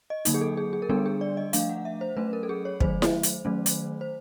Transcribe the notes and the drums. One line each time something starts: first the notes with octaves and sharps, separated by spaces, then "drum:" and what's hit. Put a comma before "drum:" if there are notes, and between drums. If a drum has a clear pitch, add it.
D#5
D3 F#3 A#3 D#4, drum: hi-hat
G#4
A4
G#4
G#4
A#4
D3 G3 B3 D4 A4
G#4
D5
D#5
F3 A3 D4 F5, drum: hi-hat
F#5
E5
C5
F#3 A3 C#4 B4
A#4
A4
G#4
C#5
D#3 F#3 A3 C5, drum: kick
drum: snare E4
drum: hi-hat
D#3 F#3 A3 C#4
drum: hi-hat
C5